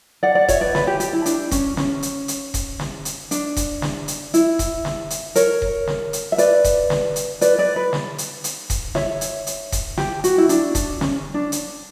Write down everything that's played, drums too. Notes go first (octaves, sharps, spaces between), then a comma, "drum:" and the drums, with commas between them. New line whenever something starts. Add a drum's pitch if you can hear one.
D5 F#5
D5 F#5
C#5 E5, drum: kick D#1, hi-hat
B4 D5
B4, drum: snare
G4
G4, drum: hi-hat
E4
D4, drum: hi-hat
C#4, drum: kick D#1, hi-hat
C#4, drum: snare
drum: hi-hat
drum: hi-hat
drum: kick D#1, hi-hat
drum: snare
drum: hi-hat
D4, drum: hi-hat
drum: kick D#1, hi-hat
drum: snare
drum: hi-hat
E4, drum: hi-hat
drum: kick D#1, hi-hat
drum: snare
drum: hi-hat
A#4 C#5, drum: hi-hat
drum: kick D#1
drum: snare
drum: hi-hat
E5
B4 D5, drum: hi-hat
drum: kick D#1, hi-hat
drum: snare
drum: hi-hat
B4 D5, drum: hi-hat
B4 D5
B4
drum: snare
drum: hi-hat
drum: hi-hat
drum: kick D#1, hi-hat
C#5 E5, drum: snare
drum: hi-hat
drum: hi-hat
drum: kick D#1, hi-hat
G4, drum: snare
F#4, drum: hi-hat
E4
D4, drum: hi-hat
D4, drum: kick D#1, hi-hat
C#4, drum: snare
D4
drum: hi-hat